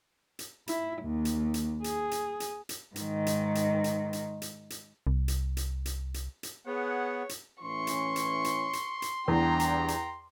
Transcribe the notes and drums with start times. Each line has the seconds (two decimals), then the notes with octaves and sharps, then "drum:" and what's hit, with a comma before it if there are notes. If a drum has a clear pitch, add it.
0.39 drum: hi-hat
0.68 E4, drum: hi-hat
1.02 D#2
1.25 drum: hi-hat
1.54 drum: hi-hat
1.84 G#4, drum: hi-hat
2.11 drum: hi-hat
2.40 drum: hi-hat
2.69 drum: hi-hat
2.96 G#2 D#3, drum: hi-hat
3.27 drum: hi-hat
3.55 drum: hi-hat
3.84 drum: hi-hat
4.13 drum: hi-hat
4.42 drum: hi-hat
4.70 drum: hi-hat
5.07 C2
5.28 drum: hi-hat
5.57 drum: hi-hat
5.86 drum: hi-hat
6.14 drum: hi-hat
6.43 drum: hi-hat
6.67 B3 G#4 C#5 F#5
7.29 drum: hi-hat
7.63 A2 E3 C#4 C6 C#6
7.87 drum: hi-hat
8.16 drum: hi-hat
8.44 drum: hi-hat
8.73 drum: hi-hat
9.02 drum: hi-hat
9.28 E2 E3 G3 D4 G5 A#5
9.60 drum: hi-hat
9.88 drum: hi-hat